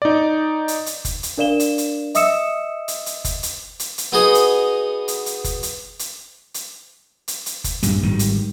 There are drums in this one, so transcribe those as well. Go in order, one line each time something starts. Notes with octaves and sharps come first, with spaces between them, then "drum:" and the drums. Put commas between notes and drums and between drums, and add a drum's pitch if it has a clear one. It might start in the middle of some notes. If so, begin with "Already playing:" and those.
D#4 D5
drum: hi-hat
drum: hi-hat
drum: kick F#1, hi-hat
drum: hi-hat
D4 A#4 D5 F5 E7 G7
drum: hi-hat
drum: hi-hat
D#5 E5 D#6 E6 C#7 E7, drum: hi-hat
drum: hi-hat
drum: hi-hat
drum: kick F#1, hi-hat
drum: hi-hat
drum: hi-hat
drum: hi-hat
B3 D#4 F#4 G#4 D#5
drum: hi-hat
drum: hi-hat
drum: hi-hat
drum: kick F#1, hi-hat
drum: hi-hat
drum: hi-hat
drum: hi-hat
drum: hi-hat
drum: hi-hat
drum: kick F#1, hi-hat
A#1 G2 G3, drum: hi-hat
G#1 D#3 G3
drum: hi-hat